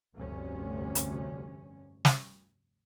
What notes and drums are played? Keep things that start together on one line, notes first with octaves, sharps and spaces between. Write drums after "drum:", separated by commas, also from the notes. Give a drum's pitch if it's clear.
F1 D2 G2 C3 C#4
drum: hi-hat
drum: snare